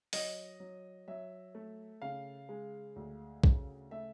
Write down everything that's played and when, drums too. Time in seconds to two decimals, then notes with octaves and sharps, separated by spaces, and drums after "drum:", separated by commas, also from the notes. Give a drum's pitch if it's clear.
0.13 F#3 D#5, drum: open hi-hat
0.60 F#3
1.08 F#3 E5
1.55 A3
2.02 C#3 F5
2.49 G#3
2.96 D2
3.44 C#3, drum: kick A#1
3.91 A3 E5